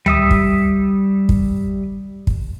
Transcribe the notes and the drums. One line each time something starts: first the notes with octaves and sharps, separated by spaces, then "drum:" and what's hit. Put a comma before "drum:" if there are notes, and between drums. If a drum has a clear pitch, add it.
G3 E5 D#6, drum: tom C#2
drum: kick
drum: kick
drum: kick